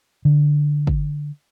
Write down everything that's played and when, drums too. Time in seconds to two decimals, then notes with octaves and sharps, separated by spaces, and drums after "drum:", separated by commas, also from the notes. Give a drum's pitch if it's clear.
0.25 D3
0.87 drum: kick